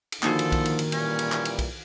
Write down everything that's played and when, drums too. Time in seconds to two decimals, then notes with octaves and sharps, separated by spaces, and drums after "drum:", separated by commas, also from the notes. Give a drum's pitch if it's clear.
0.12 drum: cymbal
0.23 D3 D#3 F3 A#3 D#4 F#4 A4, drum: clap
0.39 drum: cymbal
0.52 drum: kick B1, cymbal
0.65 drum: cymbal
0.79 drum: cymbal
0.92 A#2 E3 G3 C#4, drum: cymbal
1.19 drum: cymbal
1.32 drum: clap
1.45 drum: cymbal
1.59 drum: kick B1, cymbal